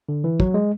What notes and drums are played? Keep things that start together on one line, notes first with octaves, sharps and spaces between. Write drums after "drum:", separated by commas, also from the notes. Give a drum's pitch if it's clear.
D3
E3
F#3, drum: kick
G#3